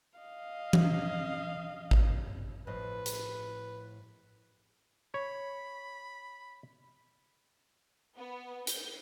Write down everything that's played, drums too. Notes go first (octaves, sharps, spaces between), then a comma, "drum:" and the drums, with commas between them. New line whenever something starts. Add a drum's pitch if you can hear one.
D#5 F5
drum: tom E3
drum: kick G#1
A2 F3 B4 D#5
drum: hi-hat
C#5 B5
B3
G6, drum: hi-hat